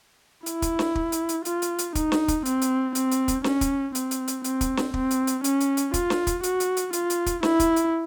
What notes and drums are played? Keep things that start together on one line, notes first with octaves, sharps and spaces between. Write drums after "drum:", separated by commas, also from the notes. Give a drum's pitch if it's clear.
E4, drum: hi-hat
drum: kick, hi-hat
drum: snare
drum: kick
drum: hi-hat
drum: hi-hat
F4, drum: hi-hat
drum: hi-hat
drum: hi-hat
D#4, drum: kick, hi-hat
drum: snare
drum: kick, hi-hat
C4, drum: hi-hat
drum: hi-hat
C4, drum: hi-hat
drum: hi-hat
drum: kick, hi-hat
C#4, drum: snare
drum: kick, hi-hat
C4, drum: hi-hat
drum: hi-hat
drum: hi-hat
C4, drum: hi-hat
drum: kick, hi-hat
drum: snare
C4, drum: kick
drum: hi-hat
drum: hi-hat
C#4, drum: hi-hat
drum: hi-hat
drum: hi-hat
F4, drum: kick, hi-hat
drum: snare
drum: kick, hi-hat
F#4, drum: hi-hat
drum: hi-hat
drum: hi-hat
F4, drum: hi-hat
drum: hi-hat
drum: kick, hi-hat
E4, drum: snare
drum: kick, hi-hat
drum: hi-hat